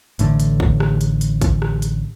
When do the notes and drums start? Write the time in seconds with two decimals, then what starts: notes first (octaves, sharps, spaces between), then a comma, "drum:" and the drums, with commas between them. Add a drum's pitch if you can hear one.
0.19 A1 A2 D3, drum: hi-hat
0.40 drum: hi-hat
0.60 drum: kick
0.80 drum: rim click
1.01 drum: hi-hat
1.21 drum: hi-hat
1.41 drum: kick, hi-hat
1.62 drum: rim click
1.82 drum: hi-hat